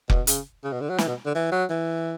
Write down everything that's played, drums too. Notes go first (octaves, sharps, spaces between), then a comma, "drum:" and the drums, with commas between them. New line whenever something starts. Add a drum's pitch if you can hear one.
B2, drum: kick F1
C#3, drum: hi-hat
C#3
B2
D3
F#3
E3, drum: snare
B2
D3
E3
F#3
E3